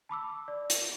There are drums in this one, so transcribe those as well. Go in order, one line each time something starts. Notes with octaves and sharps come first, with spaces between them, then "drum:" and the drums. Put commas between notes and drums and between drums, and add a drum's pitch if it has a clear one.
A5 B5 D6 E6
D5
drum: hi-hat